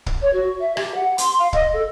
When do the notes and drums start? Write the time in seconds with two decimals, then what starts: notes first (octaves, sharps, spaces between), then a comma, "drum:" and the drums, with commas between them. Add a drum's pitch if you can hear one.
0.06 drum: kick
0.21 C#5
0.33 F#4
0.60 E5
0.77 G4, drum: rim click
0.94 F#5
1.18 C6, drum: hi-hat
1.38 F5
1.53 D#5, drum: kick
1.73 A4